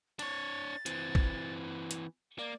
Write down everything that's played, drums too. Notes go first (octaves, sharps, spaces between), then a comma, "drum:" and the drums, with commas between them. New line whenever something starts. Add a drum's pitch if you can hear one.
D4 C#5 A6, drum: cymbal
E3 C4, drum: hi-hat
drum: kick A1
drum: hi-hat
A#3 D5